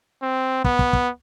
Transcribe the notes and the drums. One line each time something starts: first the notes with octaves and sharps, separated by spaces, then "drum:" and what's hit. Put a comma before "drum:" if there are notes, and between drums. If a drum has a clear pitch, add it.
C4
B3, drum: kick
drum: kick
drum: kick